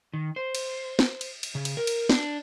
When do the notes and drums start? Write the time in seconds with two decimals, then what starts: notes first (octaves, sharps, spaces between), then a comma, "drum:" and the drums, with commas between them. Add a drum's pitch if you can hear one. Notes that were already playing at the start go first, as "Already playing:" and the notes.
0.14 D#3
0.36 C5
0.55 drum: cymbal
0.99 drum: snare
1.21 drum: cymbal
1.43 drum: cymbal
1.55 C#3
1.65 drum: cymbal
1.77 A#4
1.87 drum: cymbal
2.09 D4, drum: snare